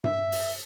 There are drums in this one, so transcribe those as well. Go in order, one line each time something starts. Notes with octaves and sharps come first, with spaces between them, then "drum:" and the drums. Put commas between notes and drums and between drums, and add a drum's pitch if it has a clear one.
E5, drum: tom G2
drum: open hi-hat